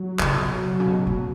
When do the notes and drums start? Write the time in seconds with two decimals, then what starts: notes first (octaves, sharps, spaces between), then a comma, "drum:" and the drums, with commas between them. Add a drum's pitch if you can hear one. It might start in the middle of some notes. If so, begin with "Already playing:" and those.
Already playing: F#3
0.19 C#3, drum: clap
0.33 B2
0.80 C#3
0.87 B2
1.07 B2